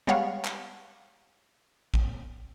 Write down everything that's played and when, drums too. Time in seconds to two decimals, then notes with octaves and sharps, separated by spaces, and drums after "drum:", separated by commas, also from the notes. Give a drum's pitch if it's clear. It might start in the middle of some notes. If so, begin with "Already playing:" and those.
0.07 G3 G#3 B3 C#5 F5 F#5
0.45 drum: clap
1.94 drum: kick A1